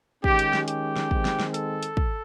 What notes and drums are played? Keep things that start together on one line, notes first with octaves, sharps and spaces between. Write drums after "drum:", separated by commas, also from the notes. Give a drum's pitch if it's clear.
D#3 G#3 C#4 G4, drum: kick
drum: hi-hat
drum: snare
G4, drum: hi-hat
drum: snare
D#3 G#3 C4, drum: kick
drum: snare
drum: snare
A4, drum: hi-hat
drum: hi-hat
drum: kick